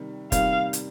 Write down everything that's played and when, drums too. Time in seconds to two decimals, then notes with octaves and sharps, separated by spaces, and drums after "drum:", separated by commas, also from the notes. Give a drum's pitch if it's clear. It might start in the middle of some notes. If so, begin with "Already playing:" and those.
Already playing: C3 D#3 G3
0.32 C3 D#3 G3 F5, drum: kick F1, hi-hat
0.73 drum: hi-hat